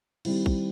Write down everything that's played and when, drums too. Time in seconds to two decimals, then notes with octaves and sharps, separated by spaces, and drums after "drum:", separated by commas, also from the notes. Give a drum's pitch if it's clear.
0.25 D#3 G3 C4 E4, drum: cymbal
0.46 drum: kick